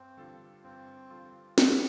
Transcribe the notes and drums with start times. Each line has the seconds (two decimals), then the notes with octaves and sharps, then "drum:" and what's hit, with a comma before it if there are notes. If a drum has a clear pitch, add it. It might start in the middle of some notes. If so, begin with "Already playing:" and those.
Already playing: G2 C4
0.17 D3 G3 F4 A4
0.64 G2 C4
1.11 D3 G3 F4 A4
1.58 drum: snare